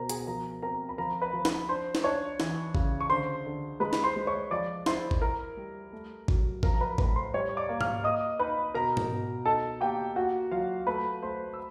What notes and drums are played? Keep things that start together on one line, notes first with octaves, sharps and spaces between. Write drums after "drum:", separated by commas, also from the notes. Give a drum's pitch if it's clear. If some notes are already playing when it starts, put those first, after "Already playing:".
Already playing: B2 B3 A#4 C5 A#5
G#4 G#5, drum: hi-hat
F3 A#4 A#5
C4 A#4 A#5
B5
F3 A#4 A#5
B4 B5
F3
B4 B5, drum: snare
D4 C5 C6
drum: snare
D4 C#5 C#6
E3, drum: snare
C#3, drum: kick G#1
C#6
D3 C5 C6
D3
G#3 B4 B5
drum: snare
C5 C6
G#3
C#5 C#6
F3 D5 D6
E4 C5 C6, drum: snare
drum: kick G#1
E4 A#4 A#5
G3
A3
F#3, drum: kick G#1
F3 A#4 A#5, drum: kick G#1
A#5
B4 B5
A2 B4 B5, drum: kick G#1
C5 C6
G3 C#5 C#6
C#6
D5 D6
A#3
F5 F6, drum: tom G#2
A#3 D#5 D#6
D#4 B4 B5
B2 A#4 A#5
drum: tom G#2
B2
D#4 A4 A5
A#3 G4 G5
A#3 F#4 F#5
F#3 F4 F5
A3 B4 B5
A3 C5 C6
E6